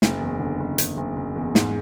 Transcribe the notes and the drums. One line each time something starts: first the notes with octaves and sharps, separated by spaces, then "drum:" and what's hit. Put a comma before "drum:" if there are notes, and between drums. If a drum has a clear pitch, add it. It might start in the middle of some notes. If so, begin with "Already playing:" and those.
F#1, drum: snare
E2
D3
F#1
F#1, drum: hi-hat
F#1
F#1
E2
G#2, drum: snare